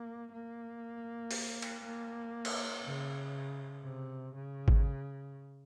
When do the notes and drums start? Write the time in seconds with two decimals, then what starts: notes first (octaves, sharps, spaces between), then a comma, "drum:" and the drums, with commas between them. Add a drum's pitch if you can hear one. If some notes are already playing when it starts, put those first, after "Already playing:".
Already playing: A#3
0.32 A#3
1.31 drum: open hi-hat
1.62 drum: cymbal
1.83 A#3
2.45 drum: cymbal
2.84 C#3
3.84 C3
4.34 C#3
4.68 drum: kick G#1